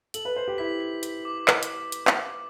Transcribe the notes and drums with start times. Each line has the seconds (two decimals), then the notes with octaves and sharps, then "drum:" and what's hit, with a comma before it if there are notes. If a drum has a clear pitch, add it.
0.14 A4 F#7, drum: hi-hat
0.25 B4
0.36 C5 F#7
0.48 G4
0.58 E4 B6
0.80 B6
1.03 B6, drum: hi-hat
1.25 D6
1.48 drum: clap
1.63 drum: hi-hat
1.92 drum: hi-hat
2.07 drum: clap